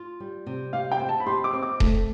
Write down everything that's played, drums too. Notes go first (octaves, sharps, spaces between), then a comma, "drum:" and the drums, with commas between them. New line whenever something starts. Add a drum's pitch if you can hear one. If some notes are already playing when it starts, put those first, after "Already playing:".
Already playing: F4
G3
C3
G4 F5
G5
C4
A5
B5
G4 C6
D6
C4
D6
A3, drum: kick D#1